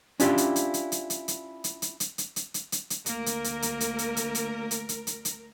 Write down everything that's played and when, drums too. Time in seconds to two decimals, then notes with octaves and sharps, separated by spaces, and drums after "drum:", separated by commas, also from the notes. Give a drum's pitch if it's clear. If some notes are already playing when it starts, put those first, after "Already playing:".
0.20 C#4 D4 E4 F4 G4 D5, drum: hi-hat
0.38 drum: hi-hat
0.56 drum: hi-hat
0.74 drum: hi-hat
0.92 drum: hi-hat
1.10 drum: hi-hat
1.28 drum: hi-hat
1.64 drum: hi-hat
1.82 drum: hi-hat
2.00 drum: hi-hat
2.18 drum: hi-hat
2.36 drum: hi-hat
2.54 drum: hi-hat
2.72 drum: hi-hat
2.90 drum: hi-hat
3.06 D2 A#3 A#4, drum: hi-hat
3.26 drum: hi-hat
3.44 drum: hi-hat
3.62 drum: hi-hat
3.80 drum: hi-hat
3.99 drum: hi-hat
4.17 drum: hi-hat
4.35 drum: hi-hat
4.71 drum: hi-hat
4.89 drum: hi-hat
5.07 drum: hi-hat
5.25 drum: hi-hat